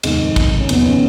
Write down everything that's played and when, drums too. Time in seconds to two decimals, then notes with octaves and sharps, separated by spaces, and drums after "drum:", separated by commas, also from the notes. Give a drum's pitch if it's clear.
0.03 F1 F2 G#2 D#3 G#3, drum: cymbal
0.36 drum: kick, cymbal
0.50 D#4
0.60 C#4
0.69 F#1 F2 B2 D#3 B3, drum: cymbal
0.85 C#3 C#4